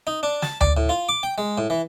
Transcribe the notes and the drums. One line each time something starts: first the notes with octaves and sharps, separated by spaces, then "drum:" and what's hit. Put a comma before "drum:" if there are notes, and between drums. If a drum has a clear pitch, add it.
D#4
D4
A5, drum: snare
D5, drum: tom D2
A2
F4
D6
G5
G#3
A2
E3